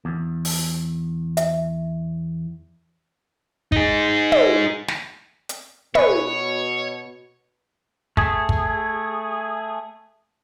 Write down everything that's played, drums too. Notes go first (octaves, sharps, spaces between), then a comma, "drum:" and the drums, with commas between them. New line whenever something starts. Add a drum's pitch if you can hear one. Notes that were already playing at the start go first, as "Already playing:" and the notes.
E2
drum: open hi-hat
E5, drum: hi-hat
D#4 G#4, drum: kick
drum: tom
drum: snare
drum: hi-hat
B2 B4 C#5 G#5, drum: tom
A3 G#4, drum: kick
drum: kick